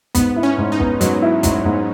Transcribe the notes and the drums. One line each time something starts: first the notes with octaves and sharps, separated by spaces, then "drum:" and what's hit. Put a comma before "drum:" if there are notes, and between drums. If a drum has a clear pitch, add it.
G#2 B3, drum: kick, hi-hat
E4
C#4
G#2
D#4
B3, drum: kick
G#2 F#3, drum: hi-hat
E4
G#2 F#3, drum: kick, hi-hat
G#2